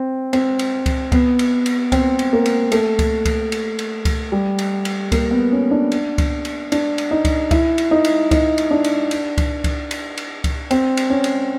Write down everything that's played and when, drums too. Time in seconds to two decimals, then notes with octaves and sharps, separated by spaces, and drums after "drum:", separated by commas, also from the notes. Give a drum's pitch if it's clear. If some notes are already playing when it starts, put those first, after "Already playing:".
Already playing: C4
0.33 C4, drum: cymbal
0.59 drum: cymbal
0.86 drum: kick C#2, cymbal
1.12 B3, drum: kick C#2, cymbal
1.39 drum: cymbal
1.66 drum: cymbal
1.92 C4, drum: kick C#2, cymbal
2.19 drum: cymbal
2.33 A#3
2.46 drum: cymbal
2.72 A3, drum: cymbal
2.99 drum: kick C#2, cymbal
3.25 drum: kick C#2, cymbal
3.52 drum: cymbal
3.79 drum: cymbal
4.05 drum: kick C#2, cymbal
4.32 G3
4.59 drum: cymbal
4.85 drum: cymbal
5.12 A#3, drum: kick C#2, cymbal
5.31 B3
5.52 C#4
5.71 D4
5.92 drum: cymbal
6.18 drum: kick C#2, cymbal
6.45 drum: cymbal
6.72 D4, drum: cymbal
6.98 drum: cymbal
7.11 D#4
7.25 drum: kick C#2, cymbal
7.51 E4, drum: kick C#2, cymbal
7.78 drum: cymbal
7.91 D#4
8.05 drum: cymbal
8.31 D#4, drum: kick C#2, cymbal
8.58 drum: cymbal
8.71 D4
8.84 drum: cymbal
9.11 drum: cymbal
9.38 drum: kick C#2, cymbal
9.64 drum: kick C#2, cymbal
9.91 drum: cymbal
10.17 drum: cymbal
10.44 drum: kick C#2, cymbal
10.71 C4, drum: cymbal
10.97 drum: cymbal
11.10 C#4
11.24 drum: cymbal